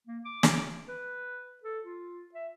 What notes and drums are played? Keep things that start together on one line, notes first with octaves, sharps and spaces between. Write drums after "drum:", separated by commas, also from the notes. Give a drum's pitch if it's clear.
A#3
D6
drum: snare
B4
A4
F4
E5